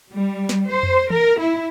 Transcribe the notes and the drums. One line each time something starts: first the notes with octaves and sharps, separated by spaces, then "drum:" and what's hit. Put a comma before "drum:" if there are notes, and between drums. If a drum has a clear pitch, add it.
G3
drum: snare
C5
drum: tom F2
A#4, drum: tom E3
E4